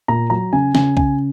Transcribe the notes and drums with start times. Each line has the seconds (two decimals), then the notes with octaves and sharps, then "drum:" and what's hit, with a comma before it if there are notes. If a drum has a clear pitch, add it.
0.08 A#2 A#5
0.30 F#3 A#5
0.53 C#3 G#5
0.75 C#3 G#5, drum: snare
0.97 C#3 G#5, drum: kick B1